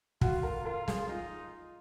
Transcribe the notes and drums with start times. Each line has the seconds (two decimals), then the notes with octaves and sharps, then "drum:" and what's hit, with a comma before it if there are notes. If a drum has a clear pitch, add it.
0.21 F4 F#4, drum: kick
0.43 A#4
0.65 F4 A#4
0.88 G#4, drum: snare
1.08 D#4 F4